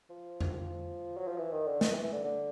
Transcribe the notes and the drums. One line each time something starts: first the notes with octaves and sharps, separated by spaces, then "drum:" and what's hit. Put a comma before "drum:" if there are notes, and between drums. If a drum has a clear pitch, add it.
F3
drum: tom E2
F3
F#3
F3
E3
D#3
D3
D#3, drum: snare
E3
E3
D3
D3